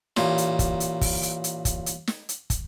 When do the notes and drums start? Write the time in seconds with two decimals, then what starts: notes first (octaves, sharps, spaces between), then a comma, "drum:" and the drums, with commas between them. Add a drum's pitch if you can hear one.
0.17 A1 A#2, drum: snare
0.38 drum: hi-hat
0.59 drum: kick, hi-hat
0.80 drum: hi-hat
1.01 drum: kick, open hi-hat
1.23 drum: hi-hat
1.44 drum: hi-hat
1.65 drum: kick, hi-hat
1.86 drum: hi-hat
2.07 drum: snare
2.29 drum: hi-hat
2.50 drum: kick, hi-hat